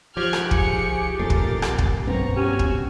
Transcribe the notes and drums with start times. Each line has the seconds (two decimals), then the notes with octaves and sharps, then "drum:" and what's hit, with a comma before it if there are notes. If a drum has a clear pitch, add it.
0.17 F3 G4 F6 F#6 G#6
0.33 drum: rim click
0.51 G#4 C#7, drum: kick
1.19 D#1 F2 A3 A#4 A6 C7
1.30 drum: kick
1.62 drum: rim click
1.78 drum: kick
2.07 B1 G2 B3 C4 A#5 C#6
2.36 C#4 F#4 G4 G#5
2.59 drum: kick